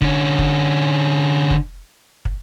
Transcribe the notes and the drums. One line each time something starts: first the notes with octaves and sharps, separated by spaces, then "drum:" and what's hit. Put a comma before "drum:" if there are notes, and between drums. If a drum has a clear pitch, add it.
D3 C#4, drum: kick
drum: kick
drum: kick
drum: kick